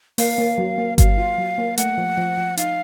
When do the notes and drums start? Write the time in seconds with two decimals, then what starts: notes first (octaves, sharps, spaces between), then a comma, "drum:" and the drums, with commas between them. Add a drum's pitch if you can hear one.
0.18 A#3 F5, drum: open hi-hat
0.38 A#3
0.58 F#3
0.78 A#3
0.98 F#3 F5, drum: kick G1, hi-hat
1.18 F4
1.38 F#3
1.58 A#3
1.78 A3 F#5, drum: hi-hat
1.98 F3
2.17 F3
2.38 F3
2.57 D#4 F5, drum: hi-hat